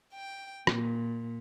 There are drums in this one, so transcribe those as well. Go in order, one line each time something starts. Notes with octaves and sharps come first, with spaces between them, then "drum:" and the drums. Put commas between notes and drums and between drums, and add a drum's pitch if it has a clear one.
G5
A#2, drum: rim click